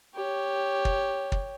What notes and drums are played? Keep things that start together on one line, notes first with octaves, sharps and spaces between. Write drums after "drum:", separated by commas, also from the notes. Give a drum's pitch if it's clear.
G4 C#5
drum: kick
drum: kick